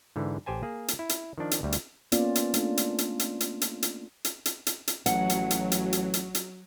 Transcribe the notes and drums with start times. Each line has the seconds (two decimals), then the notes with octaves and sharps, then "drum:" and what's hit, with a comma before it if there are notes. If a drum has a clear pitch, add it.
0.16 G#2 D3 E3
0.46 A1 G4 C5 G#5 A5
0.63 A#3 G#4
0.88 drum: hi-hat
0.99 E4
1.09 drum: hi-hat
1.38 D#3 F3 D4
1.51 drum: hi-hat
1.63 D2 G3
1.72 drum: hi-hat
2.12 A#3 B3 C#4 F4 D5, drum: hi-hat
2.35 drum: hi-hat
2.54 A3 D4 F4, drum: hi-hat
2.77 drum: hi-hat
2.98 drum: hi-hat
3.19 drum: hi-hat
3.40 drum: hi-hat
3.61 drum: hi-hat
3.82 drum: hi-hat
4.25 drum: hi-hat
4.46 drum: hi-hat
4.67 drum: hi-hat
4.88 drum: hi-hat
5.06 A1 F#3 F#5, drum: hi-hat
5.30 drum: hi-hat
5.51 drum: hi-hat
5.72 drum: hi-hat
5.93 drum: hi-hat
6.14 drum: hi-hat
6.35 drum: hi-hat